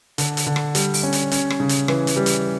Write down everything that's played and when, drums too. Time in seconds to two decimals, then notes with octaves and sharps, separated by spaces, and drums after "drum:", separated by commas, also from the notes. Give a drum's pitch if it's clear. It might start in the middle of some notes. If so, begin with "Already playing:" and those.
0.18 D3, drum: hi-hat
0.37 drum: hi-hat
0.47 D3
0.56 drum: rim click
0.75 G3, drum: hi-hat
0.94 drum: open hi-hat
1.03 C#4
1.13 drum: hi-hat
1.31 C#4, drum: hi-hat
1.50 drum: rim click
1.60 C#3
1.69 drum: hi-hat
1.88 E3, drum: rim click
2.07 drum: hi-hat
2.16 G3
2.26 drum: hi-hat